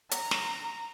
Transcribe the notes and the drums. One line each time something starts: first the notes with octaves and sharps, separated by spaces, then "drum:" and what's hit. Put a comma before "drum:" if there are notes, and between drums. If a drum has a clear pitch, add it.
A#5, drum: hi-hat
drum: snare